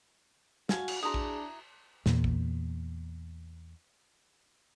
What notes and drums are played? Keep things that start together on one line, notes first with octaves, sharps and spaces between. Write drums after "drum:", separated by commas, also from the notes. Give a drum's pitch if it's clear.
F#4 F5 G#5, drum: snare
drum: cymbal
D4 E4 F#4 G#4 A#5 D#6
drum: kick A#1
E2 A#2, drum: snare
drum: kick A#1